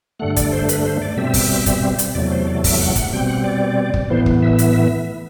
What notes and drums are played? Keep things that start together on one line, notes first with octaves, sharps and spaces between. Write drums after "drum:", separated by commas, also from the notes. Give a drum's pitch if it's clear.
G2 D3 A3 F#5
D5, drum: kick, hi-hat
C5
B4, drum: hi-hat
C5
D5
B2 G3 C4 E5
drum: kick, open hi-hat
drum: kick, hi-hat
drum: hi-hat
E2 C3 F#3 A3 D5
C5
D5
E5, drum: kick, open hi-hat
F#5
F#5, drum: kick, hi-hat
B2 G3 C4 G5
F#5
D5
drum: kick
A2 E3 B3 C5
drum: kick
E5
drum: hi-hat